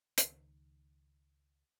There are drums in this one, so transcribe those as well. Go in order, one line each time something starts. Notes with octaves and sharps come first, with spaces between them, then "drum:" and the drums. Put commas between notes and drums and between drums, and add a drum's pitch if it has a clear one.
C#2 D#3, drum: hi-hat